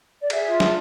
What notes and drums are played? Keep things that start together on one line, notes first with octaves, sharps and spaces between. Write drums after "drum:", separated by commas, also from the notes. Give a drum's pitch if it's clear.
D5
G#4 E5, drum: cymbal
F4
D4, drum: snare